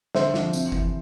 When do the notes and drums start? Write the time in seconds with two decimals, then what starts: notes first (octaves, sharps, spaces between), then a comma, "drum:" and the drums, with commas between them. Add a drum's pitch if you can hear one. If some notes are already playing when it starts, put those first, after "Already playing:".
0.15 D3 C5 E5, drum: snare
0.34 F3, drum: snare
0.53 C3, drum: tambourine
0.72 E3, drum: kick G1